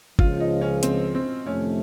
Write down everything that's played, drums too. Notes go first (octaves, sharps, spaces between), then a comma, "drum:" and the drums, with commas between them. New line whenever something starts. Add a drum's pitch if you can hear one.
C#2 C#3 F3 F4, drum: kick G1
D#4
C#4
C4, drum: hi-hat
C4
F2 C3 D#3 A3 C#4